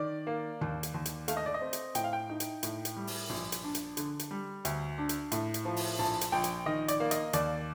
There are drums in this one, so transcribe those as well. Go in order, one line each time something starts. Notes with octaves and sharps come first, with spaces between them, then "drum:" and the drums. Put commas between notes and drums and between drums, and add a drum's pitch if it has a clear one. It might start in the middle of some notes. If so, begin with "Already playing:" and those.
Already playing: D#3 D5
A#3
D#2, drum: tom
drum: hi-hat
D#2
drum: hi-hat
A3 F5, drum: hi-hat
D#5
D5
D#5
C4
drum: hi-hat
A2 G5, drum: hi-hat
F5
G5
D#4
drum: hi-hat
A2, drum: hi-hat
drum: hi-hat
G3
drum: open hi-hat
A#1, drum: tom
drum: hi-hat
D4
drum: hi-hat
D3, drum: hi-hat
drum: hi-hat
G3
D2, drum: hi-hat
D4
drum: hi-hat
A2, drum: hi-hat
drum: hi-hat
F3
drum: open hi-hat
A#1 A5, drum: tom
drum: hi-hat
A#1 G5
drum: hi-hat
D#3 D#5
D5, drum: hi-hat
A#3
D#5, drum: hi-hat
D#2 D5, drum: hi-hat